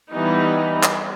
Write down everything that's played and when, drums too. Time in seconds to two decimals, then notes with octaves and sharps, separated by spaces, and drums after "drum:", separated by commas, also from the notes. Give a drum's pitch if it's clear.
0.11 E3 G3 B3 D#4
0.83 drum: clap